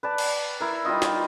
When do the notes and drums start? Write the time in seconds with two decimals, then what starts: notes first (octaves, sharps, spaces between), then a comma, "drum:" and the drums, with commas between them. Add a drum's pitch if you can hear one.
0.03 B4 D5 A5
0.18 drum: cymbal
0.60 E4 A#4
0.85 G3 D#4 F4 D#5
1.02 drum: snare